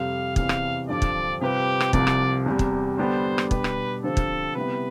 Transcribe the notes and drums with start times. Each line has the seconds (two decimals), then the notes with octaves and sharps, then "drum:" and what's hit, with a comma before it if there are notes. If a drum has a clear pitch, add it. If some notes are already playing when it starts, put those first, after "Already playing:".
Already playing: F2 C3 G3 F5
0.36 E2 C3 E3 F5, drum: kick
0.49 drum: rim click
0.89 G2 D3 F3 C4 G4 D5
1.02 drum: kick
1.41 C3 G3 C4 F4 G4 B4
1.80 drum: rim click
1.93 C2 C3 F3 D5, drum: kick
2.07 drum: rim click
2.46 E2 C3 G3
2.59 drum: kick
2.98 D3 G3 B3 D4 G4 C5
3.38 drum: rim click
3.51 B2 G3 D4 G4 B4, drum: kick
3.64 drum: rim click
4.03 D3 F3 C4 G4 A4 C5
4.17 drum: kick
4.55 C3 G3 B3 E4 B4